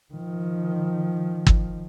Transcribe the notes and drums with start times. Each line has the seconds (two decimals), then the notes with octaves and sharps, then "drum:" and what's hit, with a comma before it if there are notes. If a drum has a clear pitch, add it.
0.14 D#3 F3
1.47 drum: kick